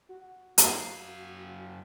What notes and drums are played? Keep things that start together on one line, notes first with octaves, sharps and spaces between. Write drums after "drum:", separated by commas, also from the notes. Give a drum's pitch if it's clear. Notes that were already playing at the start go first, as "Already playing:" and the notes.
F#4
F#2 F5, drum: hi-hat